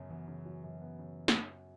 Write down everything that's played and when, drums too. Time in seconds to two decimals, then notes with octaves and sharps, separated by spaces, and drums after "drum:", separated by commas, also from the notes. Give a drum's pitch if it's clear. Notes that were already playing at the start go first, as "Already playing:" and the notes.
Already playing: F#2 C#3 F#3 B3
0.10 E3 B3
0.28 C#3
0.45 F#3
0.64 F#2
0.82 B3
0.99 C#3
1.28 drum: snare